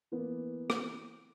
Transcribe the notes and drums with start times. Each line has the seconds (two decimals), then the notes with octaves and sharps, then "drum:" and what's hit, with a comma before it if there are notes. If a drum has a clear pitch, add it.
0.12 E3 A#3 B3
0.70 drum: rim click